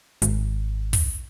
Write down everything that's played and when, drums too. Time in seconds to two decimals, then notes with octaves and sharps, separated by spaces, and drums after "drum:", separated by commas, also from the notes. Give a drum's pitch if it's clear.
0.22 G#1, drum: hi-hat
0.93 drum: kick, open hi-hat